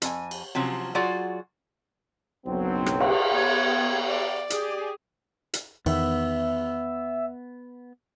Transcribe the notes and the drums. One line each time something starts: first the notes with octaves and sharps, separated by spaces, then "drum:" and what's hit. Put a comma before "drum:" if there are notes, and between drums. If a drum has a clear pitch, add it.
F2 G#5, drum: hi-hat
drum: cymbal
C3 F3 F#3 C#4
F#3 F4 F#4 G#4 D5
F#1 B1 F#3 C4
drum: rim click
drum: cymbal
B3 G#6
D5
G4 G#4, drum: hi-hat
drum: hi-hat
E2 D#3 B3 E5, drum: cymbal